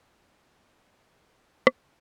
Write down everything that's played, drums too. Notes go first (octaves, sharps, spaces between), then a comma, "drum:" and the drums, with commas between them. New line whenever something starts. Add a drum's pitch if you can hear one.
A#3
G#3
D3
D#4
G5
D4
A#4
A#3, drum: rim click